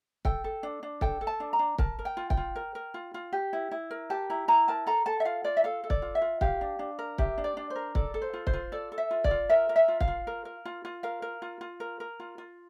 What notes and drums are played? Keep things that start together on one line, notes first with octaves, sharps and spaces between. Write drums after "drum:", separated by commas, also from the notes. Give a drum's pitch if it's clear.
A4 G5, drum: kick
A4
D4
D4
A4 G5, drum: kick
A4
A5
D4
A#5
D4
A#4 A5, drum: kick
A#4
G5
F4
G5, drum: kick
F4
A#4
A#4
F4
F4
G4
E4
E4
A#4
G4 A5
E4 A#5
E4 A#5
A#4 A5
A4 A#5
A4 A5
E5
F4 F5
F4 D5
E5
A4 F5
A4
D5, drum: kick
F4
E5
F4
G4 F5, drum: kick
D4
D4
A#4
G4 E5, drum: kick
D4
D5
D4
C5
A#4
A4 D5, drum: kick
A4
C5
F4
C5, drum: kick
F4
A4 D5
A4
E5
F4
D5, drum: kick
F4
A#4 E5
A#4
E5
F4
F5, drum: kick
F4
A#4
A#4
F4
F4
A#4 F5
A#4
F4
F4
A#4
A#4
F4
F4